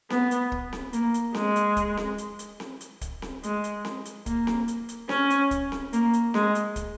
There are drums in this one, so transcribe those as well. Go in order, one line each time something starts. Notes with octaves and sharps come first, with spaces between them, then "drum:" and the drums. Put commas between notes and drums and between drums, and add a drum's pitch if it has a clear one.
B3, drum: snare C4
drum: hi-hat
drum: kick
drum: snare C4
A#3, drum: hi-hat
drum: hi-hat
G#3, drum: snare C4
drum: hi-hat
drum: kick, hi-hat
drum: snare C4
drum: hi-hat
drum: hi-hat
drum: snare C4
drum: hi-hat
drum: kick, hi-hat
drum: snare C4
G#3, drum: hi-hat
drum: hi-hat
drum: snare C4
drum: hi-hat
A#3, drum: kick, hi-hat
drum: snare C4
drum: hi-hat
drum: hi-hat
C#4, drum: snare C4
drum: hi-hat
drum: kick, hi-hat
drum: snare C4
A#3, drum: hi-hat
drum: hi-hat
G#3, drum: snare C4
drum: hi-hat
drum: kick, hi-hat